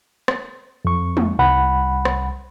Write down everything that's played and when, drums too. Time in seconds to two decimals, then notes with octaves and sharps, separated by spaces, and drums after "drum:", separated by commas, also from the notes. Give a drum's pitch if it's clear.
0.28 drum: rim click
0.85 F2 C#6
1.17 drum: tom
1.39 C2 F#5 B5
2.05 drum: rim click